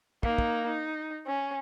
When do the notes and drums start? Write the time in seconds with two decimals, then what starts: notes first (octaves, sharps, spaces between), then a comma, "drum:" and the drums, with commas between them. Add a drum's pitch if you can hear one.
0.23 A#3 D#4, drum: kick
0.38 drum: kick
0.67 D#4
1.27 C#4